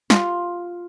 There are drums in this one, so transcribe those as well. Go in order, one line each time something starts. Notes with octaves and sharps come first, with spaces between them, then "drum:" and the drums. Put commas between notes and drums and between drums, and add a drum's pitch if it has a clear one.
F4, drum: snare